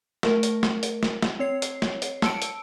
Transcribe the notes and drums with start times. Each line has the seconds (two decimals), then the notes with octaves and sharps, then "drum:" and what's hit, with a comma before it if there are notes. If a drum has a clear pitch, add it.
0.23 A3 A#4, drum: snare
0.43 drum: hi-hat
0.63 drum: snare
0.83 drum: hi-hat
1.03 drum: snare
1.22 drum: snare
1.39 C4 C#5 C7
1.62 drum: hi-hat
1.82 drum: snare
2.02 drum: hi-hat
2.22 A5 E6 C#7 D7, drum: snare
2.42 drum: hi-hat